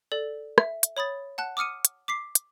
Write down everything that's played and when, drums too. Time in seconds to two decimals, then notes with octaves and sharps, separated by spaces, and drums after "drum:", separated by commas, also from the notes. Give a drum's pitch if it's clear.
0.12 A4 D5
0.58 E5, drum: rim click
0.83 drum: hi-hat
0.97 C#5 B5 D#6 A6
1.38 F#5 A5 F#6
1.57 D6 D#6 F6 C#7 D#7
1.85 drum: hi-hat
2.08 D6 B6 C7
2.35 drum: hi-hat